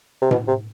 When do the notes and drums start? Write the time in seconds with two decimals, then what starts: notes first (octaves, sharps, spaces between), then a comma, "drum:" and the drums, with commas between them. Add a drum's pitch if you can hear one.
0.22 C3
0.31 B2, drum: tom A2
0.48 C3